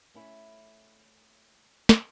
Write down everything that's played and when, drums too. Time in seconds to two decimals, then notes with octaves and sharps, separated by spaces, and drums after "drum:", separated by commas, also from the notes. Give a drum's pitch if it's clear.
0.14 A3 C#4 E4
1.89 drum: snare